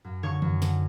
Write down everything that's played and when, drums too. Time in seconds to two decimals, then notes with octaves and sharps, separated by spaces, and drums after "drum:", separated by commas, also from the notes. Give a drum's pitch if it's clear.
0.04 F#2
0.23 D3 C#5 C#6
0.42 F#2, drum: tom D#3
0.62 D3, drum: snare